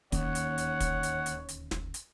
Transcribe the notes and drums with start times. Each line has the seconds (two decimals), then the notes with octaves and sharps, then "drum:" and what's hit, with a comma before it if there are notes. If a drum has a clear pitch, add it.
0.12 D1 D#2 D#3 A#3 C#4 C#5 F#5, drum: kick, hi-hat
0.35 drum: hi-hat
0.58 drum: hi-hat
0.80 drum: kick, hi-hat
1.03 drum: hi-hat
1.26 drum: hi-hat
1.49 drum: hi-hat
1.71 drum: snare
1.94 drum: hi-hat